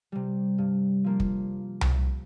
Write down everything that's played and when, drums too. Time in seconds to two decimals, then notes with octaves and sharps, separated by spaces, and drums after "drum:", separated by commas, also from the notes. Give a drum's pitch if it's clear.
0.12 C3 G3
0.58 G2
1.04 F3 A#3 D4
1.20 drum: kick
1.81 drum: tom C2